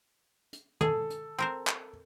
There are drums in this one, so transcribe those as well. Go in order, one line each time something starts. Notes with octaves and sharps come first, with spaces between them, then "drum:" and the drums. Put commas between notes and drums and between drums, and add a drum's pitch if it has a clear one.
drum: hi-hat
G#4 A4, drum: tom
drum: hi-hat
C4 A#4 C5
drum: clap